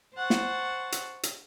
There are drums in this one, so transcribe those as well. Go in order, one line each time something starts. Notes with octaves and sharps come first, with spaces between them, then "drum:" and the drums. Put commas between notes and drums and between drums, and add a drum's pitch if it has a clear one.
C5 F#5 A5 C#6
drum: snare
drum: hi-hat
drum: hi-hat